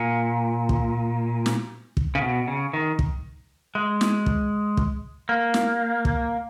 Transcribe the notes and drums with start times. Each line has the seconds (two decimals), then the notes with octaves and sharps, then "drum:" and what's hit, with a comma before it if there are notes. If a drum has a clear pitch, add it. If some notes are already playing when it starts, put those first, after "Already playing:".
Already playing: A#2
0.69 drum: kick
1.46 drum: snare
1.97 drum: kick
2.15 C#3
2.22 B2
2.48 C#3
2.73 D#3
2.99 drum: kick
3.75 G#3
4.01 drum: snare
4.26 drum: kick
4.77 drum: kick
5.29 A#3
5.54 drum: snare
6.05 drum: kick